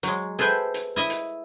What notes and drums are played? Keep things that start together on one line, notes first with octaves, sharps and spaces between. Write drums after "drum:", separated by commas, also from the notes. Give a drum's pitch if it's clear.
F#3 G#3, drum: hi-hat
G#4 A4 B4 C5 E5 G5, drum: hi-hat
drum: hi-hat
E4 D#5 E5
drum: hi-hat